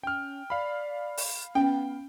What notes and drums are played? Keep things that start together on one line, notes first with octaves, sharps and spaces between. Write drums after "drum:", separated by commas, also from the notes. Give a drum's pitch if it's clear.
C#4 G5 F6
D5 F5 B5
drum: open hi-hat
B3 C#4 G5